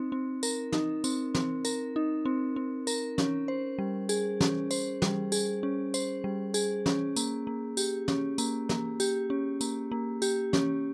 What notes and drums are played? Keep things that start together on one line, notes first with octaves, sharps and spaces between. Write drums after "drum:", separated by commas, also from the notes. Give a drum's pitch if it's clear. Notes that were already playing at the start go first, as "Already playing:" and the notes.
Already playing: C4 D#4
C4
A#4, drum: tambourine
D#4, drum: snare
C4, drum: tambourine
C4, drum: snare
A#4, drum: tambourine
D#4
C4
C4
A#4, drum: tambourine
C#4, drum: snare
C5
G3
G#4, drum: tambourine
C#4, drum: snare
C5, drum: tambourine
G3, drum: snare
G#4, drum: tambourine
C#4
C5, drum: tambourine
G3
G#4, drum: tambourine
C#4, drum: snare
A#3, drum: tambourine
A#3
G4, drum: tambourine
C#4, drum: snare
A#3, drum: tambourine
A#3, drum: snare
G4, drum: tambourine
C#4
A#3, drum: tambourine
A#3
G4, drum: tambourine
C#4, drum: snare